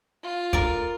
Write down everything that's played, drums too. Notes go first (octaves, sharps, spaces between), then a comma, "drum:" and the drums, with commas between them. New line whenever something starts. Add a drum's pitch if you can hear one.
F4
A#4 D5, drum: kick